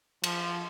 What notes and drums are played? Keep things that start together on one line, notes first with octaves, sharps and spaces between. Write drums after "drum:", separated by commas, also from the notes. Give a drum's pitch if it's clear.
F3, drum: cymbal